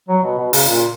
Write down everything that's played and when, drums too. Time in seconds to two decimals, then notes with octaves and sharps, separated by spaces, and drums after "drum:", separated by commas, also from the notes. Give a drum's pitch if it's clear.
0.08 F#3
0.23 B2
0.38 B2
0.53 C#3, drum: open hi-hat
0.68 A#2